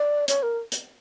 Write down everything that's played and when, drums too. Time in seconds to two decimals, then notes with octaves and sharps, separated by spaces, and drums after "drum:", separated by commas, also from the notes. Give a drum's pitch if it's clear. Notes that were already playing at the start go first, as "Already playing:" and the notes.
Already playing: D5
0.28 C#5, drum: hi-hat
0.43 A#4
0.72 drum: hi-hat